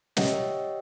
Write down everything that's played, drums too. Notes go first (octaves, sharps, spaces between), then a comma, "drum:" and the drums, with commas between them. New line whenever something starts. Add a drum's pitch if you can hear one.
G4 C#5 D#5 E5 F#5 G5, drum: snare